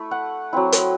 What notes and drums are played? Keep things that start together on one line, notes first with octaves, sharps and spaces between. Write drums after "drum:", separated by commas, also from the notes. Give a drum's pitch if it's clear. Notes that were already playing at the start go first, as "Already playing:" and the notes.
Already playing: A3 E4
F#5
F#3 C4 E4
drum: hi-hat